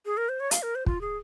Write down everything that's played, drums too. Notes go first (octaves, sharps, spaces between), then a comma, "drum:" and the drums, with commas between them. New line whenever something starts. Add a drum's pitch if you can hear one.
G#4
A#4
C5
C#5
F5, drum: hi-hat
A#4
C5
F4, drum: kick
G#4